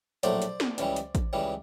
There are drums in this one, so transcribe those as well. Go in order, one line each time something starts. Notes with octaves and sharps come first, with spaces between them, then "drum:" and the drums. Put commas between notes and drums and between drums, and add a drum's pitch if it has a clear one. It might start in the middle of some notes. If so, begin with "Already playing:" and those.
A#1 A2 F#3 A3 C5 D5, drum: hi-hat
drum: hi-hat
drum: snare
C#2 C#3 E3 G3, drum: hi-hat
drum: hi-hat
drum: kick A1, hi-hat
C#2 C#3 E3 G3